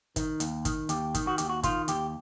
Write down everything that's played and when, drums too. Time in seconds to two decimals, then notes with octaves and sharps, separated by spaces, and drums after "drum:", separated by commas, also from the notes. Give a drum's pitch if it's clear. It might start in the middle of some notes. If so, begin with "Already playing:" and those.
0.16 D#3, drum: kick, hi-hat
0.40 D#2, drum: hi-hat
0.65 D#3, drum: kick, hi-hat
0.89 D#2 G4, drum: hi-hat
1.15 D#3, drum: kick, hi-hat
1.27 F#4
1.38 D#2 G4, drum: hi-hat
1.49 F#4
1.63 D#3 F4, drum: kick, hi-hat
1.88 D#2 G4, drum: hi-hat